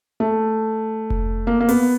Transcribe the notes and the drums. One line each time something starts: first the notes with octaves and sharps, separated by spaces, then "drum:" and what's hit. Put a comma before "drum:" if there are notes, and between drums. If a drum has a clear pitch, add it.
A3
drum: kick F1
A#3
A#3
B3, drum: open hi-hat